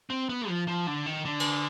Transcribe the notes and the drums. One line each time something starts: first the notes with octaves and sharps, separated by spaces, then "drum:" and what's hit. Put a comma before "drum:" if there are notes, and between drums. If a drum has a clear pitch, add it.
C4
B3
F3
F3
D3
D#3
D3
drum: cymbal